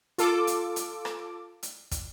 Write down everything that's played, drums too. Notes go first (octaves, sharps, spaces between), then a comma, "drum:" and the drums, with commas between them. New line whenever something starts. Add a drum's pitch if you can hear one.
F4 A4 D6, drum: hi-hat
drum: hi-hat
drum: hi-hat
drum: rim click
drum: hi-hat
drum: kick, hi-hat